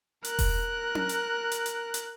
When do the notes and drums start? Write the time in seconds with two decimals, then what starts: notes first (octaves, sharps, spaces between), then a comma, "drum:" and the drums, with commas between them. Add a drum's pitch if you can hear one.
0.24 A#4 F#6, drum: hi-hat
0.39 drum: kick E1, open hi-hat
0.95 drum: tom C#4
1.09 drum: hi-hat
1.52 drum: hi-hat
1.66 drum: hi-hat
1.94 drum: hi-hat